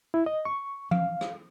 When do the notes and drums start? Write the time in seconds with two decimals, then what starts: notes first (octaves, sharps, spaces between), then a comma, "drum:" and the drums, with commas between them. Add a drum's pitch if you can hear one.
0.14 E4
0.26 D#5
0.45 C#6
0.91 F5, drum: tom F3
1.21 drum: rim click